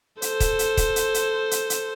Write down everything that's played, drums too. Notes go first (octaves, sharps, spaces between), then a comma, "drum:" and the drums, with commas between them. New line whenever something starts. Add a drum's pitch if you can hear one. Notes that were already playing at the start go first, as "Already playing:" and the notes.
A4 C5, drum: hi-hat
drum: kick, hi-hat
drum: hi-hat
drum: kick, hi-hat
drum: hi-hat
drum: hi-hat
drum: hi-hat
drum: hi-hat